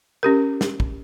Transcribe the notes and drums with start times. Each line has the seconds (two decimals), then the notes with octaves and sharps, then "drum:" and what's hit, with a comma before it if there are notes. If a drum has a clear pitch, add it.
0.23 C#4 G4 A#4
0.61 drum: snare
0.80 drum: kick